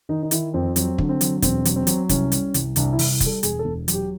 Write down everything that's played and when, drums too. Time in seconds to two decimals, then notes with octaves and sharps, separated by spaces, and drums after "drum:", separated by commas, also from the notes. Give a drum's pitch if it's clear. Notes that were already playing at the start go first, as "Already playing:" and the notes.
0.09 D#3 D#4
0.23 D#4
0.31 D#3 E4, drum: hi-hat
0.54 F2 C4
0.76 F#3 C4, drum: hi-hat
0.98 D3, drum: kick
1.09 C4
1.21 F#3, drum: hi-hat
1.42 E1 C4, drum: kick, hi-hat
1.65 F#3, drum: hi-hat
1.76 C4
1.87 F#3, drum: hi-hat
2.09 C2 C#4, drum: kick, hi-hat
2.32 G3, drum: hi-hat
2.54 C2, drum: hi-hat
2.76 C2 D4, drum: hi-hat
2.93 E4
2.99 C2, drum: open hi-hat
3.20 G3, drum: kick, hi-hat
3.26 A4
3.43 E1 G#4, drum: hi-hat
3.59 A4
3.65 E1
3.88 F#3, drum: hi-hat
3.93 G4